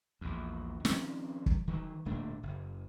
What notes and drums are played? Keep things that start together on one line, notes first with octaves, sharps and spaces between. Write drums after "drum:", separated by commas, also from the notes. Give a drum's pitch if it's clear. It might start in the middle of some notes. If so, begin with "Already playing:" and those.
A#1 E2
D#3 F3 C4 C#4, drum: snare
drum: kick
D#3 F#3
D1 A#2 A3 D4
F#1